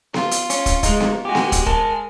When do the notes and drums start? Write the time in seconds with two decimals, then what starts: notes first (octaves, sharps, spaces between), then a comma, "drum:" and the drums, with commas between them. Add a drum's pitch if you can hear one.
0.14 F4, drum: snare B3
0.31 drum: hi-hat
0.50 C#4, drum: hi-hat
0.66 drum: kick, hi-hat
0.83 G#3 D#4, drum: kick, hi-hat
1.00 drum: snare B3
1.25 G#3 F#4 G4 G#5
1.35 drum: snare B3
1.52 drum: kick, hi-hat
1.66 A#4 A5, drum: kick